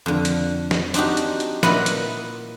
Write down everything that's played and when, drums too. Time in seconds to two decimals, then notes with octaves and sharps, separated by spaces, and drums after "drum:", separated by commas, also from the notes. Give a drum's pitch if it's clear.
0.06 F2 D3
0.25 drum: hi-hat
0.71 drum: snare
0.94 C4 D4 D#4 F#4 G4, drum: hi-hat
1.17 drum: hi-hat
1.40 drum: hi-hat
1.63 A#2 E4 B4 D#5 F#5, drum: snare
1.86 drum: hi-hat